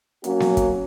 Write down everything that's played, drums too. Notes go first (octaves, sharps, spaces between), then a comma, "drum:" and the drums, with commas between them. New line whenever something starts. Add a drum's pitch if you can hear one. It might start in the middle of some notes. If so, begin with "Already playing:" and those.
F#3 A#3 C#4 F#4, drum: hi-hat
drum: snare B3
drum: kick, hi-hat